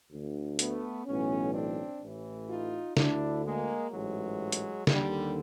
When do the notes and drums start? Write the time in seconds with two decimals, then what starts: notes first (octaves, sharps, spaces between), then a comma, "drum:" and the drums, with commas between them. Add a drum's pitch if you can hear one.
0.11 D2 D3
0.59 A3 B3, drum: hi-hat
1.07 B1 A2 E3 B3 C#4
1.54 C4 D4
2.01 A1 A2 E3
2.50 D#4 F4
2.97 D2 D3 D4 E4, drum: snare
3.45 G#3 A#3
3.91 A1 G#2 E3 F#3 G#3
4.52 drum: hi-hat
4.87 D#2 D3 G3, drum: snare